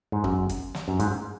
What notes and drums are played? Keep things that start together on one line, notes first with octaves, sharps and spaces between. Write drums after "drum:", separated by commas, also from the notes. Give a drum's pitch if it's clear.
G#2
F#2, drum: kick
drum: kick, hi-hat
drum: snare
F#2
G#2, drum: hi-hat